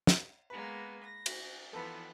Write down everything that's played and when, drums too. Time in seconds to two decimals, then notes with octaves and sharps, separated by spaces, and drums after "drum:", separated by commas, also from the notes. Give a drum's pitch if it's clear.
0.07 drum: snare
0.50 G#3 A#3 B3 B4
1.03 A#6
1.26 drum: cymbal
1.73 E3 F3 B3 A4 B4